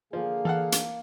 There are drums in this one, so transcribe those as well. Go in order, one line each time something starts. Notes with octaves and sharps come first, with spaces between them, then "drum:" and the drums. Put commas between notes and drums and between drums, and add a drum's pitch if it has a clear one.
D3 F3 A#3 G#4
E3 A4 F5 F#5
drum: hi-hat